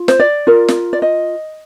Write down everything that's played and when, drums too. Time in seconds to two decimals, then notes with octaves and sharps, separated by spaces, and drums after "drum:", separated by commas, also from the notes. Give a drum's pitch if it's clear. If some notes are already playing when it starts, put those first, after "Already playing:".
Already playing: F4
0.08 C5, drum: snare
0.20 D5
0.47 F4 A#4
0.68 drum: snare
0.93 D5
1.02 D#5